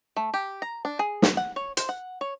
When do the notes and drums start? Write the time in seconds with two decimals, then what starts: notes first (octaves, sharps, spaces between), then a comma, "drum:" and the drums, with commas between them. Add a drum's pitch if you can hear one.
0.16 A3
0.34 G4
0.62 A#5
0.85 D4
0.99 G#4
1.22 B3, drum: snare
1.37 F#5
1.56 C#5
1.77 C5, drum: hi-hat
1.89 F#5
2.21 C#5